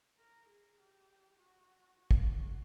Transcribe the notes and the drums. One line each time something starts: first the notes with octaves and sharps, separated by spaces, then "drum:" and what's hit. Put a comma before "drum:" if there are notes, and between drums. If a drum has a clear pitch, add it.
A#4
G#4
G4
F#4
F#4
drum: kick